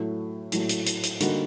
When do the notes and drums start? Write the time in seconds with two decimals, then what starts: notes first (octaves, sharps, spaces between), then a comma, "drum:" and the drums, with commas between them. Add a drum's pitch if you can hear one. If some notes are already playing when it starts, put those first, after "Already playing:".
Already playing: A2 F#3 A3
0.52 A2 F#3 A3, drum: hi-hat
0.69 drum: hi-hat
0.86 drum: hi-hat
1.03 drum: hi-hat
1.20 D3 G3 A#3 D#4 F#4, drum: hi-hat